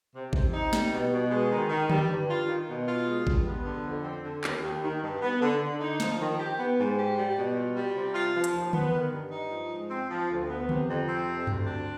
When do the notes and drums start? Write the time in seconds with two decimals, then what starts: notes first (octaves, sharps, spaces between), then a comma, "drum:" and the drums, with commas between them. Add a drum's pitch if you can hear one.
0.14 C3
0.33 C3, drum: kick A1
0.53 D#4
0.73 G3, drum: snare
0.92 B2
1.11 B2
1.31 G#3
1.51 D#3
1.69 D#3
1.90 G3, drum: tom D3
2.09 G2
2.28 F4
2.47 D#3
2.68 B2
2.87 F4
3.07 G#3
3.27 G2, drum: kick A1
3.46 B3
3.65 D3
3.85 F2
4.04 C4
4.23 D3
4.44 D#2, drum: clap
4.62 D#2
4.83 D#3
5.02 G2
5.22 B3
5.41 D3
5.61 D3
5.80 D#4
6.00 F3, drum: snare
6.20 D#3
6.39 G4
6.59 B3
6.78 G#2
6.98 G4
7.17 G3
7.37 B2
7.56 F4
7.76 G3
7.95 C3
8.14 F4
8.35 F3
8.44 drum: hi-hat
8.54 D#2
8.73 B3, drum: tom D3
8.93 D#3
9.12 G2
9.32 D#4
9.51 F3
9.71 G#2
9.91 C4
10.10 F3
10.30 D2
10.49 B3
10.69 C3, drum: tom D3
10.88 F2
11.08 C4
11.27 C3
11.47 D2, drum: tom G2
11.67 D4